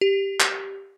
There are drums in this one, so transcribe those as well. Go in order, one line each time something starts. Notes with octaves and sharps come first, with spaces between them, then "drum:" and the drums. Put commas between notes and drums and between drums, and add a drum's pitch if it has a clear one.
G4
drum: clap